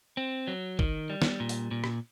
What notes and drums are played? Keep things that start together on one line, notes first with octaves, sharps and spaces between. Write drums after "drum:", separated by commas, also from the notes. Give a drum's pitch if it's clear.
C4
F#3
D#3, drum: kick
G3
drum: snare
A#2
drum: open hi-hat
A#2
drum: rim click